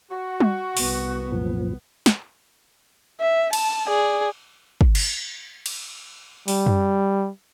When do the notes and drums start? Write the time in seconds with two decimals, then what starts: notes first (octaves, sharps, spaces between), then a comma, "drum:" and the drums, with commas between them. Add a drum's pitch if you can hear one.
0.10 F#4
0.40 drum: tom G3
0.77 C2 B3, drum: open hi-hat
1.32 F#2 A#2 F3
2.06 drum: snare
3.20 E5
3.53 A5, drum: cymbal
3.88 G#4 D5
4.81 drum: kick
4.95 drum: cymbal
5.66 drum: cymbal
6.48 G3, drum: open hi-hat
6.66 drum: tom F#2